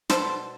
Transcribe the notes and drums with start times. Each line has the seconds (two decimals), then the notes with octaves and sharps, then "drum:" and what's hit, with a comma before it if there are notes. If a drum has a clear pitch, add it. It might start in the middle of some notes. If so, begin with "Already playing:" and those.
0.09 B2 G3 B3 D4 A4 C5, drum: snare